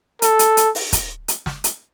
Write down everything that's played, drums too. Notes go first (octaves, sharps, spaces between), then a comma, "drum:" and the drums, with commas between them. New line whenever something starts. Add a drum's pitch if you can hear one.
A4, drum: hi-hat
drum: hi-hat
drum: hi-hat
drum: open hi-hat
drum: kick, hi-hat
drum: hi-hat
drum: snare
drum: hi-hat